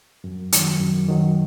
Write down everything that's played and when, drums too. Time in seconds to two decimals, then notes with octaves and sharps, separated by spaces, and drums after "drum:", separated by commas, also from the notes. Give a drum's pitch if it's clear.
0.24 F#2
0.52 D#3 F#3, drum: hi-hat
0.80 F#2
1.08 D#3 F#3